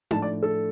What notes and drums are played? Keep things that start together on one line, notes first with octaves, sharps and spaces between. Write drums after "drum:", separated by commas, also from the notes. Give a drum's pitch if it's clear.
A2 F3 A3 D4 A5, drum: tom D#4
D5
A4